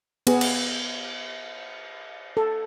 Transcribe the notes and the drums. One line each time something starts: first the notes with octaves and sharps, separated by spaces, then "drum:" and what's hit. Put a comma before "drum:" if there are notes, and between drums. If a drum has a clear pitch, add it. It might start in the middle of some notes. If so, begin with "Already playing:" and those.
B3 G#4, drum: cymbal
drum: cymbal
A4